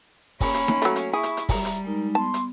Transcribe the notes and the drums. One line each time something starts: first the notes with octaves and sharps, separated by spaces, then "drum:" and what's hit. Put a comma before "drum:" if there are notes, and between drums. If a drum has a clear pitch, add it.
A#3 C#4 B5, drum: kick, open hi-hat
drum: hi-hat
drum: snare D#4
F#3 A3, drum: hi-hat
drum: hi-hat
E4 G#4 E5 B5 C#6
drum: hi-hat
drum: hi-hat
G3 E5 A#5, drum: kick, open hi-hat
drum: hi-hat
G#3 D#4 A#4
B3 A5 C6
drum: hi-hat